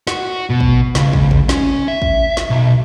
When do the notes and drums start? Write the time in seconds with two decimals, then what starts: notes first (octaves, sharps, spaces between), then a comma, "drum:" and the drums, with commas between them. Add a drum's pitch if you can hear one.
0.07 F#4, drum: snare
0.50 B2
0.60 drum: kick
0.95 C#2, drum: snare
1.13 drum: kick
1.31 drum: kick
1.49 C#4, drum: snare
1.88 E5
2.02 drum: kick
2.37 drum: snare
2.50 B1